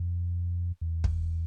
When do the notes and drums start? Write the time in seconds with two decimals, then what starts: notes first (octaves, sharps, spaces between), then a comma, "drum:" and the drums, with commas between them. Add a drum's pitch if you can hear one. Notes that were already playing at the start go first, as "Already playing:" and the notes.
Already playing: F2
0.81 E2
1.04 drum: kick